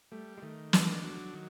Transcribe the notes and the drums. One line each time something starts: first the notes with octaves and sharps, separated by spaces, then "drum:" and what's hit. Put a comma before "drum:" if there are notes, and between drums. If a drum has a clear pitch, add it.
G3 A3
G#3
D#3 A3
D4, drum: snare
F#3
D#3